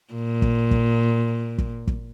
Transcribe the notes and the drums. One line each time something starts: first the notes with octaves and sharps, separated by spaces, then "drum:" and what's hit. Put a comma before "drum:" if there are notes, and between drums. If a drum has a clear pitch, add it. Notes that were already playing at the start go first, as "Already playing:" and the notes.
A#2
drum: kick
drum: kick
drum: kick
drum: kick